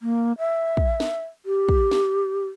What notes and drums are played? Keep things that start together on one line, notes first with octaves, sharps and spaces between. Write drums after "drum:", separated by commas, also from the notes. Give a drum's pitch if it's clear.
A#3
E5
drum: kick
drum: snare
G4
drum: kick
drum: snare